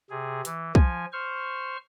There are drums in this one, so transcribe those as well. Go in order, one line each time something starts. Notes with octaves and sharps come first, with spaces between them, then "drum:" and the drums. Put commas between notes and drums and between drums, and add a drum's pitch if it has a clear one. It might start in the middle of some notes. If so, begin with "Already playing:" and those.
C3 G#4
E3, drum: hi-hat
F3 G#5, drum: kick
C5 C#6 F6